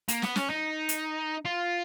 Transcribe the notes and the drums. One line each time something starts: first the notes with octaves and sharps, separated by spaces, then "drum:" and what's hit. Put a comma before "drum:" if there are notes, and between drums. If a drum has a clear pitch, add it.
A#3, drum: hi-hat
B3, drum: snare
C#4, drum: snare
D#4
drum: hi-hat
F4